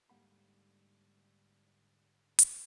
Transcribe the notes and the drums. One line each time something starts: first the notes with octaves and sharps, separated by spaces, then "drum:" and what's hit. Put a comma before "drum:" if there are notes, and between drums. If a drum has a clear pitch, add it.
G#2 D3 G3 A#3 F#5 B5
drum: hi-hat